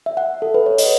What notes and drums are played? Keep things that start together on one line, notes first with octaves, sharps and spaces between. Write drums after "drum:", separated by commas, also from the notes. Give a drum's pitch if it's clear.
E5
F#5
A4
B4
C#5
D#5, drum: open hi-hat